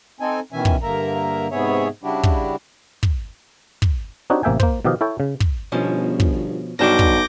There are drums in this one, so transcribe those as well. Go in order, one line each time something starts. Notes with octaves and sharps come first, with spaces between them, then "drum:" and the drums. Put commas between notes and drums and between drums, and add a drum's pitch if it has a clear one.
C4 D#4 A4 G#5
B2 D#3 E3 C#4 E5 G#5
drum: kick
G2 D3 A#3 A#4 E5 A#5
G#2 C3 B3 G#4 C#5 E5
C#3 G3 D4 E4 F#4 G4
drum: kick
drum: kick
drum: kick
C4 D4 D#4 F#4 G4 C#5
A1 C3 A#3 E5 G5 G#5
A#3 C5, drum: kick
B2 D#3 F3 G4 D#5 F5
E4 A4 C#5 G5
C#3
drum: kick
G1 B2 F3 C#4
drum: kick
B1 G2 D4 F#4 D6 G6 A#6
drum: kick